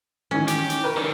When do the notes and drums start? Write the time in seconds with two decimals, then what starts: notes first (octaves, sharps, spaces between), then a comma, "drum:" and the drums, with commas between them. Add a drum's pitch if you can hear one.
0.31 D#3 E3 G#3 C#4
0.48 G4, drum: hi-hat
0.70 drum: hi-hat
0.84 A#4 B4
0.96 D3 D#3